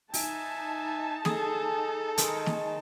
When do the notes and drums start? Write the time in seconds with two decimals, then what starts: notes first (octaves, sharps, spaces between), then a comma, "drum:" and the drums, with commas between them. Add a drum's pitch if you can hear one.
0.14 D#4 E5 G#5 A5, drum: open hi-hat
1.25 G#4 A4, drum: snare
2.18 D#3 G3 G#3, drum: hi-hat
2.46 drum: snare